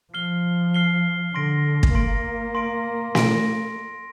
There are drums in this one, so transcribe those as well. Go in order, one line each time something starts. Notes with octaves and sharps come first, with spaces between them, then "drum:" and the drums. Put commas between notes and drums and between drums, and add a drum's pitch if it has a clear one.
F3 F6 C7 G7
F6 C7 G7
D3 C6 A#6 D7
drum: kick
A#3 C6 A#6 D7
C6 A#6 D7
C6 A#6 D7, drum: snare